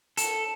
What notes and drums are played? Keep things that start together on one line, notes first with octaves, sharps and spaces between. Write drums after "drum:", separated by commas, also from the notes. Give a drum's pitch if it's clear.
A4, drum: hi-hat